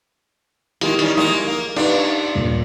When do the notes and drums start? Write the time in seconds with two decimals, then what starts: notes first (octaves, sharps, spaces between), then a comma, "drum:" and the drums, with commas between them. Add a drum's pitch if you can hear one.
0.81 D#3 G#3 A#3 E4 G4, drum: hi-hat
0.99 D#3 G3 C#4, drum: hi-hat
1.17 G#3 A#3 D#4
1.47 A#3
1.76 D4 D#4 G4 B4, drum: cymbal
2.35 D#1